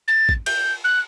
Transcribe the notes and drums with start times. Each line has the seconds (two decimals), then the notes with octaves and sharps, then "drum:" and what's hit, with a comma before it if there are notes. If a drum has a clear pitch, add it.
0.08 A6
0.29 drum: kick A1
0.46 G6, drum: cymbal
0.84 F#6